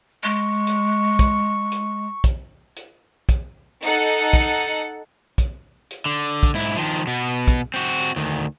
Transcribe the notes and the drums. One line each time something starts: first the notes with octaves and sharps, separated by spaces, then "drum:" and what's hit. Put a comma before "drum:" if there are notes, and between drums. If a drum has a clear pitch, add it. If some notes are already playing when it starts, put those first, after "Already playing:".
G#3 C#6
drum: hi-hat
drum: kick, hi-hat
drum: hi-hat
drum: kick, hi-hat
drum: hi-hat
drum: kick, hi-hat
D#4 A4 F#5, drum: hi-hat
drum: kick, hi-hat
drum: kick, hi-hat
drum: hi-hat
D3
drum: kick, hi-hat
G#2 E4
D#3 F3
drum: hi-hat
B2 B3
drum: kick, hi-hat
C4 F#4
drum: hi-hat
D2 D#3